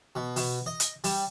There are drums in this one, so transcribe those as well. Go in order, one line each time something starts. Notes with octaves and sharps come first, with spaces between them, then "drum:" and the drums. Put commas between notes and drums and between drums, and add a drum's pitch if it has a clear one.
B2
B2, drum: open hi-hat
D#5
drum: hi-hat
G3, drum: open hi-hat